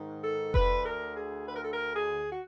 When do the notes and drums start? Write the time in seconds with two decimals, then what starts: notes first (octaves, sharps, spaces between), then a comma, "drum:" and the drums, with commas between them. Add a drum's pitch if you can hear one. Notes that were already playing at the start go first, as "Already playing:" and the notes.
Already playing: G#2 D#3
0.23 A4
0.54 D2 D3 B4, drum: kick F1
0.85 A#4
1.16 G#4
1.48 B4
1.56 A#4
1.64 A4
1.72 A#4
1.94 G#4
2.32 F#4